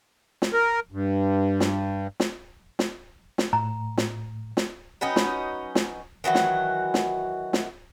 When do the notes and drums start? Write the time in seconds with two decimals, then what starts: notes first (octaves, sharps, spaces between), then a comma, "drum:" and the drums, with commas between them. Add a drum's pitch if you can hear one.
0.42 drum: snare
0.53 A#4
0.92 G2
1.60 drum: snare
2.20 drum: snare
2.79 drum: snare
3.38 drum: snare
3.53 A2 A#5
3.98 drum: snare
4.57 drum: snare
5.01 F#3 B3 C#4 D#4
5.16 drum: snare
5.75 drum: snare
6.24 D#3 E3 F#3 F#4
6.35 drum: snare
6.94 drum: snare
7.53 drum: snare